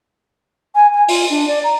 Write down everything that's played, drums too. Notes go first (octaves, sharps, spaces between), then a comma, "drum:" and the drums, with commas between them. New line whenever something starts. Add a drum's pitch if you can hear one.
G#5
G#5
F4, drum: open hi-hat
D4
D5
A#5